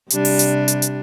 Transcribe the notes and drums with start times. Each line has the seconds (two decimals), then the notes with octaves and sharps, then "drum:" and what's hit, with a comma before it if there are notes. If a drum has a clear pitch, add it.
0.10 C3 G3 D4, drum: hi-hat
0.25 drum: open hi-hat
0.39 drum: hi-hat
0.68 drum: hi-hat
0.82 drum: hi-hat